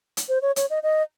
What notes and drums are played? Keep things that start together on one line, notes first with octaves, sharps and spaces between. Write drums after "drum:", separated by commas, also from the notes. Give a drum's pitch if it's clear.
drum: hi-hat
C5
C#5
C#5, drum: hi-hat
D#5
D#5